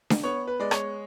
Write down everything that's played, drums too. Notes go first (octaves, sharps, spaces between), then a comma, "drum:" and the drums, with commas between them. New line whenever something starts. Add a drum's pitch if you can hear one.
drum: snare D4
B3 C#5
B4
G#3 D5
C#5, drum: rim click